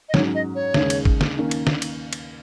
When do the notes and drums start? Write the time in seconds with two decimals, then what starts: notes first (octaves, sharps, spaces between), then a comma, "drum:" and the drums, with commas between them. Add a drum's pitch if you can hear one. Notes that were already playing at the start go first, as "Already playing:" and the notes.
0.09 D#5
0.14 G#2 F#3 C#4 C#5, drum: snare
0.35 D#5
0.55 C#5
0.74 D#2 C#3 G#3, drum: snare
0.90 drum: cymbal
1.05 drum: kick
1.21 drum: snare
1.37 D#3 A#3 C#4
1.51 drum: cymbal
1.67 drum: snare
1.82 drum: cymbal
2.13 drum: cymbal